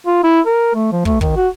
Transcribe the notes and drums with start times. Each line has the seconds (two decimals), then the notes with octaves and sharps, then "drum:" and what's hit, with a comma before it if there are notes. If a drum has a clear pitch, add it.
0.06 F4
0.24 E4
0.46 A#4
0.75 A3
0.92 F3
1.05 A3, drum: kick
1.21 D#3, drum: kick
1.36 F#4